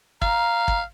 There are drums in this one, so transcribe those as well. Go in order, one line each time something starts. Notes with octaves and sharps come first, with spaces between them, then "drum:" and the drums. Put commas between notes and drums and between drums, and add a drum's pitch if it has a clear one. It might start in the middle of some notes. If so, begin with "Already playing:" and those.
F5 A#5, drum: kick
drum: kick